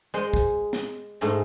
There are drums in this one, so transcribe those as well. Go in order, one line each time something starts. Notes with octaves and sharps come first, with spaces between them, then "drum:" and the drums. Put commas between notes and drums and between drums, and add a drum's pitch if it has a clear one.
G#3 C5 D#5
drum: kick
drum: snare
G#2 A3 G#4 A#5